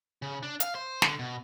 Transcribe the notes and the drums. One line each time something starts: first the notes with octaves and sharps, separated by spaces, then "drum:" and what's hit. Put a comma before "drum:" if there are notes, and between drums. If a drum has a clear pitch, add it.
C#3
D4
F5, drum: hi-hat
C5
D3, drum: snare
B2